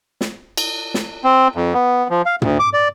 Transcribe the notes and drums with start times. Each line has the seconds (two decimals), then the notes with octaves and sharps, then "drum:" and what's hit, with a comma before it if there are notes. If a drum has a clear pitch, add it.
0.21 drum: snare
0.57 drum: cymbal
0.94 drum: snare
1.24 C4
1.56 F2
1.74 B3
2.10 F3
2.26 F5
2.42 D2, drum: tom
2.59 D6
2.74 D5